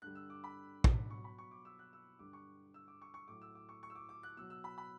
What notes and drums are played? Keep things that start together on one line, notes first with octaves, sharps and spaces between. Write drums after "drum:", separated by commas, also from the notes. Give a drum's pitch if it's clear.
G2 D3 G3 F#6
E6
D6
B5
drum: kick
B2 F#3 C#6
B5
C#6
D6
E6
F#6
E6
G2 D3 G3 D6
C#6
E6
D6
C#6
C#6
A2 F#3 D6
E6
D6
C#6
C#6
E6
D6
D6
F#6
B2 F#3 E6
E6
B5
B5